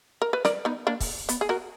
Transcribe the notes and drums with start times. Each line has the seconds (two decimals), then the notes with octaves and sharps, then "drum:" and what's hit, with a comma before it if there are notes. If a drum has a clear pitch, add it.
0.22 A#4
0.33 B4
0.45 A#4 D5, drum: snare
0.65 B3 D#4
0.87 A#3 D4
1.00 drum: kick, open hi-hat
1.29 B3, drum: hi-hat
1.41 G#4
1.49 F#4 A#4